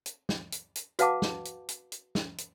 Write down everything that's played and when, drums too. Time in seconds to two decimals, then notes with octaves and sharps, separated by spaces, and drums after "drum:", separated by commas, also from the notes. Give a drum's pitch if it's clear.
0.06 drum: hi-hat
0.29 drum: snare
0.52 drum: hi-hat
0.75 drum: hi-hat
0.99 F#4 B4 F5 F#5 A5 D6, drum: hi-hat
1.22 drum: snare
1.45 drum: hi-hat
1.69 drum: hi-hat
1.92 drum: hi-hat
2.15 drum: snare
2.38 drum: hi-hat